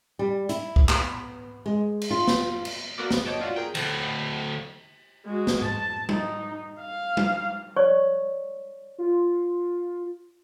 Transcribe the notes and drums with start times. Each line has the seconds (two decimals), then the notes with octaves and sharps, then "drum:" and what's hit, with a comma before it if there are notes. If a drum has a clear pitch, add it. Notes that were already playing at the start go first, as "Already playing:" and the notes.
0.19 G3
0.49 E4, drum: hi-hat
0.76 drum: kick C2
0.89 B3, drum: clap
1.66 G#3
2.01 drum: cymbal
2.11 F4
2.27 drum: snare
2.65 drum: cymbal
2.98 A#3 B3 F#4 A#4 D5
3.11 C#3 B3, drum: snare
3.26 C#5 D#5 G5 A5 D6
3.39 D4 F4 F#4
3.56 G#4 A#4 G5
3.75 D2 A2, drum: cymbal
5.25 G#3 F#4
5.47 drum: snare
5.62 A5, drum: tom G#2
6.09 D#4, drum: tom G3
6.79 F5
7.17 drum: tom G3
7.76 C#5 D5 C#6
8.98 F4